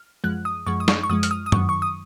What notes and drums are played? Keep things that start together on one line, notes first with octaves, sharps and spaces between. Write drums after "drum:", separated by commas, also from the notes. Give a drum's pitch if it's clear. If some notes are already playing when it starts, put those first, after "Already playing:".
Already playing: F6
F#2 F3 G#3 F#6
D#6
F#2 F3 G#3 C#6
D#6
C#6, drum: snare
C#6
F#2 F3 G#3 D#6
F6, drum: hi-hat
D#6
D#6
F#2 D#3 F#3 C#6, drum: tom G2
C#6
D#6